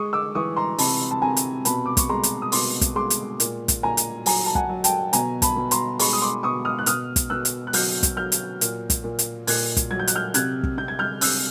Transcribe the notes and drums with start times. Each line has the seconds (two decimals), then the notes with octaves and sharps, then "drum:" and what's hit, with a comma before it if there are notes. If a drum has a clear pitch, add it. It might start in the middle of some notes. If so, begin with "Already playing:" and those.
Already playing: G#3 C#6 D#6
0.13 D6 E6
0.35 E3 C#6 D#6
0.56 A#5 C6
0.78 C3 A5 B5, drum: open hi-hat
1.11 A5
1.22 C3 G#5 A#5
1.37 drum: hi-hat
1.65 B2 A5 B5, drum: hi-hat
1.86 D6
1.97 C#6, drum: kick, hi-hat
2.09 G#3 A#5 C6
2.23 drum: hi-hat
2.42 D#6
2.52 B2 C6 D6, drum: open hi-hat
2.81 drum: kick, hi-hat
2.95 G#3 C6 D6
3.10 drum: hi-hat
3.40 A#2, drum: hi-hat
3.68 drum: kick, hi-hat
3.83 A#2 G#5 A#5
3.97 drum: hi-hat
4.26 F#3 G#5 A#5, drum: open hi-hat
4.46 A5
4.55 F#5 G#5, drum: kick
4.69 F#3
4.84 G5 A5, drum: hi-hat
5.13 B2 G#5 A#5, drum: hi-hat
5.42 A5 B5, drum: kick, hi-hat
5.57 B2
5.71 A#5 C6, drum: hi-hat
5.99 G#3 B5 C#6, drum: open hi-hat
6.13 D#6
6.22 C6 D6
6.43 B2 C#6 D#6
6.65 D#6 F6
6.79 F#6
6.86 B2 D#6 F6, drum: hi-hat
7.16 drum: kick, hi-hat
7.30 B2 E6 F#6
7.45 drum: hi-hat
7.67 F#6
7.73 F#3 F6 G6, drum: open hi-hat
8.03 drum: kick, hi-hat
8.17 F#3 F6 G6
8.32 drum: hi-hat
8.61 A#2, drum: hi-hat
8.90 drum: kick, hi-hat
9.04 A#2
9.19 drum: hi-hat
9.47 A#2 F#6 G#6, drum: open hi-hat
9.77 drum: kick, hi-hat
9.91 F#3 G#6
9.99 G6
10.07 F#6, drum: hi-hat
10.16 F6 G6
10.34 C3 F#6 G#6, drum: hi-hat
10.63 drum: kick
10.77 C3 G6
10.88 G#6
10.99 F6 G6
11.21 C3 E6 F#6, drum: open hi-hat